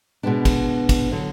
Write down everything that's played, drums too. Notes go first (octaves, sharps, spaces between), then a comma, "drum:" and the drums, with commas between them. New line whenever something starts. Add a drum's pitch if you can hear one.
B2 G#3 B3 D4
drum: kick, cymbal
drum: kick, cymbal
D3 F#3